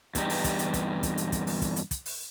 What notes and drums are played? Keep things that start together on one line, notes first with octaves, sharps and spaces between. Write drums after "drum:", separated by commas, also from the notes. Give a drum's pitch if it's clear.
E2 G2 D#4 G4, drum: kick, hi-hat
drum: open hi-hat
drum: kick, hi-hat
drum: hi-hat
drum: kick, hi-hat
drum: kick, hi-hat
drum: hi-hat
drum: kick, hi-hat
drum: open hi-hat
drum: kick, hi-hat
drum: hi-hat
drum: kick, hi-hat
drum: open hi-hat